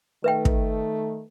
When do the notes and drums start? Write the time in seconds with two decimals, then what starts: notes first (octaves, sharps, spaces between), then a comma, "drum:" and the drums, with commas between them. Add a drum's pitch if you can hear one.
0.24 D#3 A3 B4 E5 G5
0.45 drum: kick